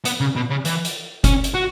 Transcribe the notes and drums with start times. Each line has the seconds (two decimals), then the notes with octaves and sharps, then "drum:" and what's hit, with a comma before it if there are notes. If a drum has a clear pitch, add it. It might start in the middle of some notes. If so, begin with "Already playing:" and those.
0.05 B3, drum: hi-hat
0.20 C#3
0.36 B2
0.50 C#3
0.65 E3, drum: hi-hat
0.85 drum: hi-hat
1.24 C#4, drum: kick F#1, hi-hat
1.44 drum: hi-hat
1.54 F#4